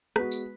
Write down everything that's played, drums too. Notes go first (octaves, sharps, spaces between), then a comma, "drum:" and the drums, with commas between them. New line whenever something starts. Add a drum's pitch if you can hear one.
G#3 B3 F#4 B4, drum: rim click
drum: tambourine